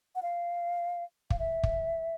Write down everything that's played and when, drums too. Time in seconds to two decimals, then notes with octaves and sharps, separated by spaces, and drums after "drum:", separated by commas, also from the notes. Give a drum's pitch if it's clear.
0.15 F#5
0.22 F5
1.30 F5, drum: kick
1.39 E5
1.63 drum: kick